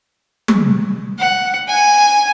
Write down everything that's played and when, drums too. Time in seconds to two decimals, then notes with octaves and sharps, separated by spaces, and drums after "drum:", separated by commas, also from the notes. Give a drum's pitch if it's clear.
0.48 drum: tom
1.19 F#5
1.69 G#5